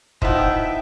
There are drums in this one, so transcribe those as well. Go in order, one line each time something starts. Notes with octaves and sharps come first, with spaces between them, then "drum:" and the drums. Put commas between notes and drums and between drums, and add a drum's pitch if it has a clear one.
F3 B3 D#4 E4 E5 G5, drum: kick